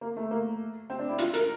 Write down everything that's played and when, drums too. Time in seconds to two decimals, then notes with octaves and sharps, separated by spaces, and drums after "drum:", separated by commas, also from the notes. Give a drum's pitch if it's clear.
0.01 A#3
0.17 A3
0.31 A#3
0.90 C4
0.99 D4
1.09 E4
1.18 F4, drum: hi-hat
1.33 A#4, drum: hi-hat